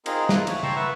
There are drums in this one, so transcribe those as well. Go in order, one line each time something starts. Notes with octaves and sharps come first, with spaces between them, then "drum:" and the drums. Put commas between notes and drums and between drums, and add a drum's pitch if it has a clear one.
C4 D#4 F4 G#4 A#4, drum: cymbal
A#3 E4 F4 A4 D#6 F#6, drum: snare
C#5, drum: cymbal
G5 A5 A#5 C6 C#6 E6, drum: tom C#3
B4 E5 F#5 C#6 E6